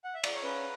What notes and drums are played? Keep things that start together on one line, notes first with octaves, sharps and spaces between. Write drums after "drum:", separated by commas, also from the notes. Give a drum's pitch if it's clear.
F#5
E5
D5, drum: cymbal
C#5
C#4 B4